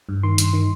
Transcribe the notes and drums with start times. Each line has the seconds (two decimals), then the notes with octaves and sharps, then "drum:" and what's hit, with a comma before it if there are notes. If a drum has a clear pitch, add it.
0.09 G2
0.23 D#3 C6
0.38 G2, drum: hi-hat
0.53 D#3